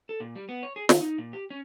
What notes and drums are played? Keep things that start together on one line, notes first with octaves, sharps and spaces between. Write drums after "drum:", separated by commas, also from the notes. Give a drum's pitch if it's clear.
A4
A#2
G3
B3
C#5
G#4
D#3, drum: snare
D#4
A#2
G4
C#4